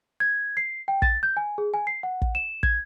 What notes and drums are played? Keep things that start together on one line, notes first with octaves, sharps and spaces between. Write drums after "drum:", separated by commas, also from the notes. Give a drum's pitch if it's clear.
G#6
C7
G5
A6, drum: kick
G6
G#5
G#4
G#5
C7
F#5
drum: kick
E7
G#6, drum: kick